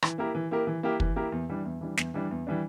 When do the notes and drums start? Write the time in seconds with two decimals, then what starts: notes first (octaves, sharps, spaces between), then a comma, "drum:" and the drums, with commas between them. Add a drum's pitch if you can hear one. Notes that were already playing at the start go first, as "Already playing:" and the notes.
0.02 E3, drum: rim click
0.18 A#3 E4 G4 A#4
0.35 E3
0.51 A#3 E4 G4 A#4
0.67 E3
0.83 A#3 E4 G4 A#4
1.00 E3, drum: kick
1.16 A#3 E4 G4 A#4
1.32 E2
1.49 E3 G3 D4
1.65 E2
1.81 E3 G3 D4
1.97 E2, drum: snare
2.14 E3 G3 D4
2.31 E2
2.47 E3 G3 D4